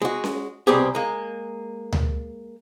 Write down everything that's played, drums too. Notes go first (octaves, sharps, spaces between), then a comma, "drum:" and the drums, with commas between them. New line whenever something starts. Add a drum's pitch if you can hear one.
G#3 F#4
drum: snare C#4
C2 B2 G3 C4 G4 G#4
G#3 A#3
drum: tom D2